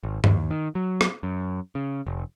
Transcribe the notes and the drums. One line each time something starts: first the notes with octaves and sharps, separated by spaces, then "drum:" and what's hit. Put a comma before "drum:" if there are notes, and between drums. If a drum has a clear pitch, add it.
G#1
D#2, drum: tom G2
D#3
F#3
drum: rim click
F#2
C#3
F1